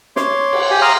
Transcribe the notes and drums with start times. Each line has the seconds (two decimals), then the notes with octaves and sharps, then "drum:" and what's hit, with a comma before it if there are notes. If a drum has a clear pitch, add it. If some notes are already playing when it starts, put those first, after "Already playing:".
0.16 C#5 C6 D6, drum: snare
0.53 drum: cymbal
0.70 G4 G#5
0.82 F5 A#5 C6 D6 D#6 F6